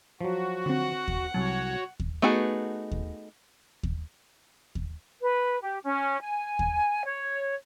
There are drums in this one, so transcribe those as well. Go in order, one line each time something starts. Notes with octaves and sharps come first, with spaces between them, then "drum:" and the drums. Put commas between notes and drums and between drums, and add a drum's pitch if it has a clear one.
F3 F#3 F#4
D3 C4 F#5
drum: kick D#2
C2 F#3 F#4 C#5 G#5 A5
drum: kick D#2
A3 B3 D#4 F#4 G#4
drum: kick D#2
drum: kick D#2
drum: kick D#2
B4
G4
C#4
G#5
drum: kick D#2
C#5